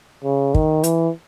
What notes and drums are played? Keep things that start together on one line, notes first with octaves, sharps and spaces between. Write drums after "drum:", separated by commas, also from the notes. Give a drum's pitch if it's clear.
C#3
D#3, drum: kick
E3, drum: hi-hat